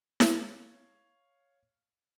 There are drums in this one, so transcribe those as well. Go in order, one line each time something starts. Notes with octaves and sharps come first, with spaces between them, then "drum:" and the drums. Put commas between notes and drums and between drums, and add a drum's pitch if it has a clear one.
C#5 F5, drum: snare E4